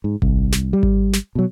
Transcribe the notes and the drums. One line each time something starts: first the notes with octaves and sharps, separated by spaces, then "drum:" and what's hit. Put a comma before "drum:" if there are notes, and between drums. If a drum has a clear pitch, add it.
G#2
C2, drum: kick G#1
drum: snare
G3
drum: kick G#1
drum: snare
B2 F#3